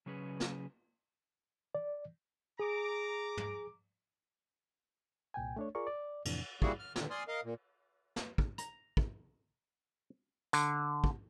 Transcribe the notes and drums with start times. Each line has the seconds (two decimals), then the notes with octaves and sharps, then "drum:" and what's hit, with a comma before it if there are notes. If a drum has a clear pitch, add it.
0.06 C#3 F#3 C#4 G#4 B4
0.40 drum: snare
1.75 D5
2.60 G#4 A#5 D6
3.37 drum: tom
5.34 C2 A#2 G5 G#5
5.56 A3 D4 C#5
5.75 F4 G#4 A#4 D5 C#6
5.87 D5
6.25 F2 A2 C3 E3 D4, drum: cymbal
6.62 G3 A#3 E4 F#4 G#4, drum: kick
6.79 F6
6.96 D#2 A#2 D3 D#3, drum: snare
7.10 D5 G#5 C6 D#6 F6
7.28 A#4 D#5 F5
7.44 A#2
8.16 drum: snare
8.38 drum: kick
8.58 A#5, drum: hi-hat
8.97 drum: kick
10.53 D3, drum: tambourine
11.04 drum: kick